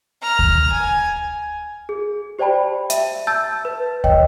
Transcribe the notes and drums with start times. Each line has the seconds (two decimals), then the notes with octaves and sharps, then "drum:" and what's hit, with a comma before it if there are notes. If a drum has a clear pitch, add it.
0.23 A#5 F6
0.39 drum: kick D2
0.72 G#5
1.89 G#4
2.39 G4 C5 D5 G5 A5 B5
2.90 E5 D#7, drum: hi-hat
3.27 A5 E6 G6 A6
3.65 B4
4.04 C#5 D#5 G5, drum: kick D2